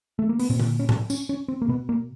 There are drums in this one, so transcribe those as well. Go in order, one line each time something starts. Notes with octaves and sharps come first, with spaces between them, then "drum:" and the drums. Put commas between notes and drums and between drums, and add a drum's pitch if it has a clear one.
A3
A#3
B3, drum: open hi-hat
A#2 C4
drum: tom D3
C#4
drum: tom A2
C#4, drum: tambourine
C#4
C4
A#3
B2 B3
A#3